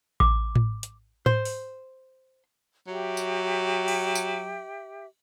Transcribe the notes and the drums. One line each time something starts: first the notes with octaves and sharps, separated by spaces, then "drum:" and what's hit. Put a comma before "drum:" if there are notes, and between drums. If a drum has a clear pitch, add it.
D6, drum: kick A1
drum: tom A2
drum: hi-hat
C5, drum: tom A2
drum: open hi-hat
F#3 G4 E5
drum: tambourine
drum: cymbal
drum: tambourine